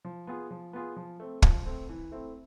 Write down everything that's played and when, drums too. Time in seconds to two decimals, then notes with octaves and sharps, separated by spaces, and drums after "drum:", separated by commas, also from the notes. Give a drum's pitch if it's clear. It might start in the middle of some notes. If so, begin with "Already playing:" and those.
0.05 F3
0.27 B3 F4 G#4
0.51 F3
0.73 B3 F4 G#4
0.96 F3
1.20 A3 C4
1.42 F3, drum: kick
1.66 A3 C4
1.89 E3
2.12 A3 C4 E4